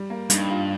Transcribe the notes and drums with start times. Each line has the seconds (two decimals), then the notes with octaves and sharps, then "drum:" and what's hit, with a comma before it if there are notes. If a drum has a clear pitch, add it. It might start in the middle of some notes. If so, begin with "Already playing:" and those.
Already playing: G3
0.10 A#3
0.30 G2 D#4, drum: hi-hat
0.50 F4